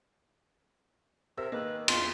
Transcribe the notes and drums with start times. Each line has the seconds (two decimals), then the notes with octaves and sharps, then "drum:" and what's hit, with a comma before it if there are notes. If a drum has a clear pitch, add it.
1.37 C3 A#4 E5 E6 A#6
1.52 D#3 A#3 G#4 B4
1.88 E2 F5 C6, drum: cymbal